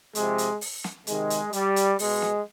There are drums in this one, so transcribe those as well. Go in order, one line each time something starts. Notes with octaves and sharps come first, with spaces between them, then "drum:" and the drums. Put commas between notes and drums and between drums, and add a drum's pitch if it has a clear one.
C3 F3 G#3, drum: hi-hat
drum: hi-hat
drum: open hi-hat
drum: snare
C3 D#3 G#3, drum: hi-hat
drum: hi-hat
G3, drum: hi-hat
drum: hi-hat
B2 G#3, drum: open hi-hat
drum: snare